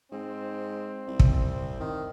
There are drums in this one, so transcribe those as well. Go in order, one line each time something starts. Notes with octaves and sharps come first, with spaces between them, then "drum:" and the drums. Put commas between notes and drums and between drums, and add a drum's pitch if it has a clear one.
G#2 C4
C2
drum: kick
D#3